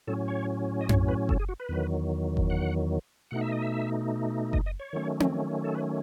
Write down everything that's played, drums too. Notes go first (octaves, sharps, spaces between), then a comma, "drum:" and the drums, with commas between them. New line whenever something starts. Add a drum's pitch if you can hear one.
A2 F#3 C#4 A4
C#5
D#5
C#5, drum: tom F#2
B4
A4, drum: kick F#1
G#4
F#4
B4
E2 D#3 F#3
drum: kick F#1
F#5
B2 A3 D#4 F#5
E5
D#5
E5
D#5, drum: kick F#1
D#5
C#5
D#3 F#3 A3 C#4
drum: tom C4
A4
B4